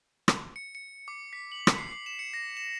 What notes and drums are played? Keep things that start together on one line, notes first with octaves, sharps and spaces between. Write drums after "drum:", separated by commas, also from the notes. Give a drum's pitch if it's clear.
drum: rim click
C#7
C#7
D6
B6
F#7
drum: rim click
C7
C7
E7
C#7
A#6
E7